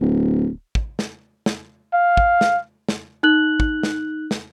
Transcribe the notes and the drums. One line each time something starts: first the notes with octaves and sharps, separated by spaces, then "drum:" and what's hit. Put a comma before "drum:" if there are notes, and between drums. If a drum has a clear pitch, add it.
D1
drum: kick
drum: snare
drum: snare
F5
drum: kick
drum: snare
drum: snare
D#4 F#6 F#7
drum: kick
drum: snare
drum: snare